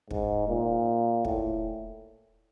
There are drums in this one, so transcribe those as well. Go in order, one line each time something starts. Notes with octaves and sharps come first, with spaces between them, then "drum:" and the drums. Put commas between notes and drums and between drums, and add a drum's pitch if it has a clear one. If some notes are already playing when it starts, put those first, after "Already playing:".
G#2, drum: kick
A#2
A2, drum: kick